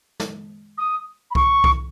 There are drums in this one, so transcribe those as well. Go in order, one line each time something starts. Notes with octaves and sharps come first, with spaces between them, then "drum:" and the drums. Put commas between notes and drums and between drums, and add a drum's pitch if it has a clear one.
drum: snare
D#6
B5
C#6, drum: kick C2
drum: kick C2